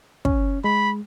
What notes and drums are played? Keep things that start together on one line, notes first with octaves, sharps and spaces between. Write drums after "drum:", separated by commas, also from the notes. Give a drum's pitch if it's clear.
C#4, drum: kick
G#3 B5